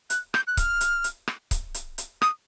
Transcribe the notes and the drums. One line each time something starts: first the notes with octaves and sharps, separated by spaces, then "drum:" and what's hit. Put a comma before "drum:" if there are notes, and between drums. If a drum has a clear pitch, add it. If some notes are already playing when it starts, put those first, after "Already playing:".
F#6, drum: hi-hat
G6, drum: rim click
F#6
F6, drum: kick C#1, hi-hat
drum: hi-hat
drum: hi-hat
drum: rim click
drum: kick C#1, hi-hat
drum: hi-hat
drum: hi-hat
D#6, drum: rim click